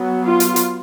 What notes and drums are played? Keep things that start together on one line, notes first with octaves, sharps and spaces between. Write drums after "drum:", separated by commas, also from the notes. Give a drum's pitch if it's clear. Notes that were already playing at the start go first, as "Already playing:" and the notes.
Already playing: F#3 B3
F4
drum: hi-hat
drum: hi-hat